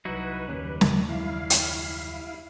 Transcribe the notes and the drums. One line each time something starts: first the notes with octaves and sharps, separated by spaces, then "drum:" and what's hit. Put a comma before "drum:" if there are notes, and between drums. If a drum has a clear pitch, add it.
C2 F#3 D#4 E4 F#4 B4
F#1 D#2 G3 C#4
drum: snare
E4 F5
drum: hi-hat